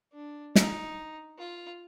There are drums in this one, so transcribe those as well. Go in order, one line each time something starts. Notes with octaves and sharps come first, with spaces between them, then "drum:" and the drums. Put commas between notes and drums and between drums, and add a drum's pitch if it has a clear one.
D4
D#4, drum: snare
F4